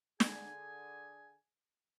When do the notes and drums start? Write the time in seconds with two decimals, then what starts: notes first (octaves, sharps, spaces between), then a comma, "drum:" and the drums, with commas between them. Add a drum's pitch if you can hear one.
0.20 D3 G#4 G#5, drum: snare